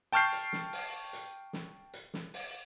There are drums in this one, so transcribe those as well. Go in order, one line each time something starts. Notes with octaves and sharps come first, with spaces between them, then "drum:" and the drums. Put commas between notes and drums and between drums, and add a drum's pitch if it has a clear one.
G5 A5 C#6 F6 G6 C7
drum: hi-hat
drum: snare
drum: open hi-hat
drum: hi-hat
drum: snare
drum: hi-hat
drum: snare
drum: open hi-hat